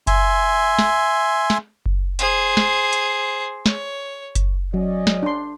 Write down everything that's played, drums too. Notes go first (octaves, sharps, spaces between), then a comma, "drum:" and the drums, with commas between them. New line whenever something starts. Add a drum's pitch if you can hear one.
E5 G#5 C6, drum: kick F#1, hi-hat
drum: snare
drum: snare
drum: kick F#1
G#4 C5, drum: hi-hat
drum: snare
drum: hi-hat
C#5, drum: snare
drum: kick F#1, hi-hat
F#3 C#4 D5 D#5
drum: snare
D4 C6